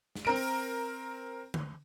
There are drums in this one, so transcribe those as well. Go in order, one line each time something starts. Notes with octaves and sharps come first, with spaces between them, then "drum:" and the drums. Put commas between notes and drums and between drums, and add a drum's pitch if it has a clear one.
drum: snare
C4 A#4 D7
drum: open hi-hat
drum: tom D3